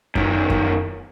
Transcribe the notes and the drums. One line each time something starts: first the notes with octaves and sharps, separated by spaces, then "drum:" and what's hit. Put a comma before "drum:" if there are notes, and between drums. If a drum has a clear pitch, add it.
F#2 D#3, drum: kick F#2
drum: kick F#2